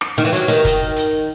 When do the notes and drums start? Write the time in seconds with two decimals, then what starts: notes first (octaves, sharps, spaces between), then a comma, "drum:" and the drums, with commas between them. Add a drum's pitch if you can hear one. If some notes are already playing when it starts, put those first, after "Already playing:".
0.01 drum: rim click
0.18 D#3
0.25 E3
0.33 F#3, drum: hi-hat
0.48 D#3
0.65 drum: kick, hi-hat
0.96 drum: hi-hat